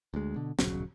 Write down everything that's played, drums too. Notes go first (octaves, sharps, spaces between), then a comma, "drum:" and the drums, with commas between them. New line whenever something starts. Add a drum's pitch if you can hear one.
D2 G#3
B2 D3
D#1 B1 C#3 F#3, drum: snare